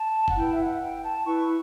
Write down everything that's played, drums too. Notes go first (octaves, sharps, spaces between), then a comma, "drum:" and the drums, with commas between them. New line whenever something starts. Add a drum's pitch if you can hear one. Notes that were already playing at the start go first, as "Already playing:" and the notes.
Already playing: A5
F#5, drum: kick
E4 B4 G5
E5
F#5
G5
A5
E4 B4 C#6